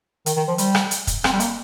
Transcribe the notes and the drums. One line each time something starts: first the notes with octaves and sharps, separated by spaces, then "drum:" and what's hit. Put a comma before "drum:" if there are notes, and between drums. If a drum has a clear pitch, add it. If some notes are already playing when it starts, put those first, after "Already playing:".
D#3, drum: hi-hat
D#3
F3
G3, drum: hi-hat
drum: rim click
drum: hi-hat
drum: kick, hi-hat
C4, drum: rim click
G3
A#3, drum: hi-hat